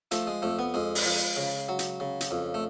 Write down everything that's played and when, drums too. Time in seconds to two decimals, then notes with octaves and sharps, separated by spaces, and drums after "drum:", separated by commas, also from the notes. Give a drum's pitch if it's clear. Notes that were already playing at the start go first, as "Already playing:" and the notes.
0.11 F3 A3, drum: hi-hat
0.27 G#3
0.42 F2 A3
0.59 B3
0.74 F2 G#3
0.95 drum: open hi-hat
1.06 F3
1.36 C#3
1.69 F#3
1.79 drum: hi-hat
2.00 C#3
2.21 drum: hi-hat
2.31 F2
2.54 A3